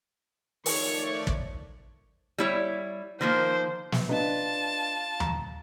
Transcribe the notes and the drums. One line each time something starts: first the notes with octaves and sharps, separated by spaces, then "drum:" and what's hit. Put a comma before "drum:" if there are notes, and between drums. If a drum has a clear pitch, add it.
D#3 F3 A3 C#5 D5 C#6, drum: open hi-hat
drum: kick
G3 E4 C#5
D#3 F3 A#3 C5
drum: snare
D4 F4 B4 D#5 A5
A#5, drum: tom